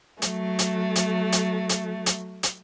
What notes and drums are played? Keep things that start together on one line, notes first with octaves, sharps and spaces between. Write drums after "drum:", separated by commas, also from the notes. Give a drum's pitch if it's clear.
F#3 A3, drum: hi-hat
drum: hi-hat
drum: hi-hat
drum: hi-hat
drum: hi-hat
drum: hi-hat
drum: hi-hat